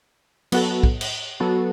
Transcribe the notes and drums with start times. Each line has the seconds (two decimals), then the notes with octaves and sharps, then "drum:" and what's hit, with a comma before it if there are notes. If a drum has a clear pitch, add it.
0.52 F#3 B3 F#4 A4, drum: cymbal
0.83 drum: kick
1.01 drum: cymbal
1.40 F#3 B3 F#4 A4